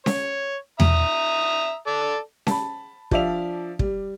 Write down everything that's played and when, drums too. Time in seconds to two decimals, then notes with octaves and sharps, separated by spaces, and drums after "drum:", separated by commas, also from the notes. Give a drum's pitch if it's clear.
0.06 C#5, drum: snare C#4
0.80 E5 A#5 D#6, drum: tom E2
1.87 A4 D5
2.47 A5 B5, drum: snare C#4
3.11 F3 D4 D5 E5 F5 F7, drum: kick
3.79 G3, drum: kick